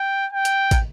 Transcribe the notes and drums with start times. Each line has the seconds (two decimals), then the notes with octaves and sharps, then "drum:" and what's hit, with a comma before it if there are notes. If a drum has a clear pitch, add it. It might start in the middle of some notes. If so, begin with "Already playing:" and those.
Already playing: G5
0.33 G5
0.45 drum: hi-hat
0.71 drum: kick, hi-hat